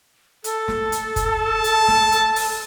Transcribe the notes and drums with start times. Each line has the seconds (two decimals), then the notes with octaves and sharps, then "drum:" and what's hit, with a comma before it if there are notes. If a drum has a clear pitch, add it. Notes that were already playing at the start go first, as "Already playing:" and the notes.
0.44 A4, drum: hi-hat
0.68 drum: snare
0.92 drum: hi-hat
1.16 drum: kick F#1, hi-hat
1.33 A5
1.64 drum: hi-hat
1.88 drum: snare
2.12 drum: hi-hat
2.36 drum: open hi-hat